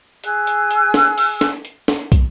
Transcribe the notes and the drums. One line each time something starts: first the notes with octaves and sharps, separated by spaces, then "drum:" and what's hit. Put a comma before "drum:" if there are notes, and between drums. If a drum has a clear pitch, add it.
G#4 G#5 E6 F#6, drum: hi-hat
drum: hi-hat
drum: hi-hat
drum: snare
drum: open hi-hat
drum: snare
drum: hi-hat
drum: snare
drum: kick, hi-hat